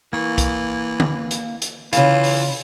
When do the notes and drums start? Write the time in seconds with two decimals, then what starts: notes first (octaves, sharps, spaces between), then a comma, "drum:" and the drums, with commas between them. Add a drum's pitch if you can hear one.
0.13 E3 A#3 C#6
0.38 drum: kick, hi-hat
1.00 drum: tom D3
1.31 drum: hi-hat
1.62 drum: hi-hat
1.93 C#3 E3 F4 F5, drum: hi-hat
2.24 drum: open hi-hat